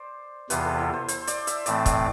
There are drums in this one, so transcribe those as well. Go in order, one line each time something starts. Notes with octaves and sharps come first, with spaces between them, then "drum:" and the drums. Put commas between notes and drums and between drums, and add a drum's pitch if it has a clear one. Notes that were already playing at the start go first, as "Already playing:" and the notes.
Already playing: C5 D5
E2 C3 E3 B3 F4 B4, drum: hi-hat
A4
E4
C5
C5, drum: hi-hat
D5, drum: hi-hat
E5, drum: hi-hat
A2 E3 A3 C4 D5, drum: hi-hat
D5, drum: kick, hi-hat